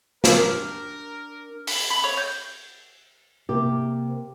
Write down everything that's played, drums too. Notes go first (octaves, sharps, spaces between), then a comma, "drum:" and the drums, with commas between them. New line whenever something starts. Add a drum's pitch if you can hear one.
D4 G4 A#4, drum: snare
B5, drum: open hi-hat
B5
C#5
G6
C3 A#3 G4